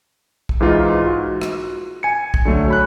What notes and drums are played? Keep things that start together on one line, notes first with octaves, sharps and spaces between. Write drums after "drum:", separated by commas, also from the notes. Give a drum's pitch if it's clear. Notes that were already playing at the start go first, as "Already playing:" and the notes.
drum: kick B1
G#2 E3 D#4 F4
F#4
drum: rim click
G#5 C#7
drum: kick B1
D3 F#3 A3
C#5 B5 F#6